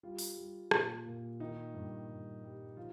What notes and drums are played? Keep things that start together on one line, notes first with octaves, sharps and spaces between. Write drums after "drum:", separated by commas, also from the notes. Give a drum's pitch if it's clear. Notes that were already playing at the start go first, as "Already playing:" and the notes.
G3 F4
drum: open hi-hat
G3
A#2, drum: rim click
A#2
D#3 D#4
G2
G2
G3
F3 F4